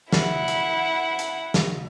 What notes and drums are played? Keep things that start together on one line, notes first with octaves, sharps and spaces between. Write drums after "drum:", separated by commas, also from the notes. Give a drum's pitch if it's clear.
E4 F#5, drum: snare
drum: hi-hat
drum: hi-hat
drum: snare